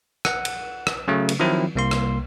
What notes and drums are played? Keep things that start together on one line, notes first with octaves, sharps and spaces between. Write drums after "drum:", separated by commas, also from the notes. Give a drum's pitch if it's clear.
F#5, drum: rim click
drum: cymbal
drum: rim click
C#3 F#3 A3
drum: cymbal
D#3 F3 F#3 C4 E4
C2 A#3 C6
drum: rim click